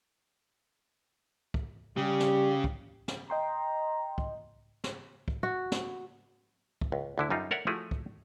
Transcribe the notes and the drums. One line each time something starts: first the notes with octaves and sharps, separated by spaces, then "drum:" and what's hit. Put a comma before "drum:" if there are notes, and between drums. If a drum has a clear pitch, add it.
drum: kick
C#3 G3 G4
drum: snare
drum: kick
drum: snare
D#5 G5 A#5 C6
drum: kick
drum: snare
drum: kick
F#4
drum: snare
drum: kick
C#2
D2 D3 E4
F#2 G3 D#4 F4
A4 A#4 C#5 D5 E5 F#5
F3 A3 E4 F#4 G#4
drum: kick